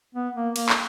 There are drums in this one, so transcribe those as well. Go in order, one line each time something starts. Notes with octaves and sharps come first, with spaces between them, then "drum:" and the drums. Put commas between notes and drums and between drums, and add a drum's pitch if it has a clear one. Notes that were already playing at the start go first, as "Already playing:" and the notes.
B3
A#3
A#3, drum: cymbal
drum: clap